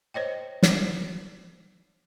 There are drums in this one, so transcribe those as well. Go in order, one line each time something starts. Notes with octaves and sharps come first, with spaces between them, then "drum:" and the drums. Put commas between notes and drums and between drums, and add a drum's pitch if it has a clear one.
C5 C#5 D#5 G5
drum: snare